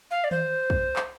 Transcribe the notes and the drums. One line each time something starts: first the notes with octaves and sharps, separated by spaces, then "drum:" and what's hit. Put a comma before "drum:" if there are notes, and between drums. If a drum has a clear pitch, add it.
F5
D5
C5, drum: tom D#3
drum: kick
drum: clap